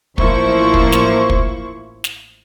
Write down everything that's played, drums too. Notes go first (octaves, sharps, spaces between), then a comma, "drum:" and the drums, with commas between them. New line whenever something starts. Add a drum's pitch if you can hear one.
A1 F3 A#3 E4 C5 C#6, drum: kick
drum: kick
drum: snare
drum: kick
drum: snare